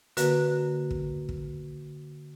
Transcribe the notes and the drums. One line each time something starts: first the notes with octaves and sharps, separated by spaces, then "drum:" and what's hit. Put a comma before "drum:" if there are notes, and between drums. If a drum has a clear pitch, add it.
D3 A#3 F#4 A#4 B4, drum: hi-hat
drum: kick
drum: kick